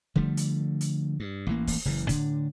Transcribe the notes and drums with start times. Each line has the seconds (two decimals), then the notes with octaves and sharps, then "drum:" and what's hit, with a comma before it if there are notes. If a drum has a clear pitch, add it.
0.16 D3 F3 G3 A3, drum: kick
0.37 drum: hi-hat
0.81 drum: hi-hat
1.20 G2
1.47 A1 E3 A#3
1.67 drum: kick, open hi-hat
1.85 F#1 C#3 E3
2.09 A2 D3 D4, drum: kick, hi-hat